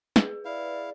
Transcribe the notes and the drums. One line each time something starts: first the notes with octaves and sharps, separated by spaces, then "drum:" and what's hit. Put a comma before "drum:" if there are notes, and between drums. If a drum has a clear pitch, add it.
G#4 B4, drum: snare
E4 D5 F5